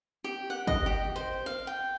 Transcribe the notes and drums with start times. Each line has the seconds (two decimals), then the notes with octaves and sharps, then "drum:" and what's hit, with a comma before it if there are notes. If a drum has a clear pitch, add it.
0.24 G4
0.50 F#5
0.67 D#5, drum: kick
0.86 G4
1.16 C5
1.46 F5
1.67 G5